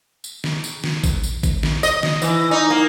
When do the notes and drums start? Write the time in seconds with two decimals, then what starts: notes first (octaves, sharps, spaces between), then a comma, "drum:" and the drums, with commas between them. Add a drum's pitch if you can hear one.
0.24 drum: tambourine
0.44 drum: snare
0.64 drum: tambourine
0.84 drum: snare
1.04 drum: kick A1, tambourine
1.23 drum: tambourine
1.43 drum: kick A1, tambourine
1.63 drum: snare
1.83 D#5, drum: tambourine
2.03 drum: snare
2.22 E3, drum: tambourine
2.51 D#4
2.70 A#3